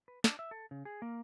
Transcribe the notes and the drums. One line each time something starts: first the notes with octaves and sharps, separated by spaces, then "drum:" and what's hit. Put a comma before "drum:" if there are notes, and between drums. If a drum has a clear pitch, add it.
B4
D4, drum: snare
E5
A4
C#3
G#4
A#3